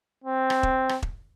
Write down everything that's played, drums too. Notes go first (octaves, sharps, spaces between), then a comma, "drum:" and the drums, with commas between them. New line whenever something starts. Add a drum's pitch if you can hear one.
C4
drum: rim click
drum: kick E1
drum: rim click
drum: kick E1